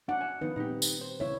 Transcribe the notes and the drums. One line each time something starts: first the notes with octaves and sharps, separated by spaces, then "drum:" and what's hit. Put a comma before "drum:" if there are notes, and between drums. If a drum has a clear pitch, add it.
D4 D5 F#5
E5 G#5
D#3 F3 B3 D#4 B4
A#2 G3 C4 D#4 G4
drum: tambourine
C5
C#2 E4 C#5 E5